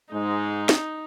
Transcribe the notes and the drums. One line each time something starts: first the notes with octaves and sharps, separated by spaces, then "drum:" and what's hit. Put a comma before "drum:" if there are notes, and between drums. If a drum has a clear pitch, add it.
G#2 G#3 D#4
drum: snare